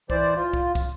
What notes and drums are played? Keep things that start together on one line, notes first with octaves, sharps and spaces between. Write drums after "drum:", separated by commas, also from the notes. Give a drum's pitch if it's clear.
E3 C5 D5, drum: kick
F4
drum: kick
drum: kick, tambourine